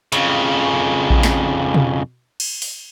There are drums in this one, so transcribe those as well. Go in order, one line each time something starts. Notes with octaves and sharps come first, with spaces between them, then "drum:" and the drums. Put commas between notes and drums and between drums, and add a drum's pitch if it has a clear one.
F2 C#3, drum: hi-hat
drum: kick A#1
drum: snare
drum: tom B2
drum: cymbal
drum: open hi-hat